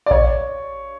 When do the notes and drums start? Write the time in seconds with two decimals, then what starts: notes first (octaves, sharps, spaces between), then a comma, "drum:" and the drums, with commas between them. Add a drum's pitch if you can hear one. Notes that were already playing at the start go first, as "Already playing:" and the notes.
0.06 D5
0.11 C#5, drum: kick A1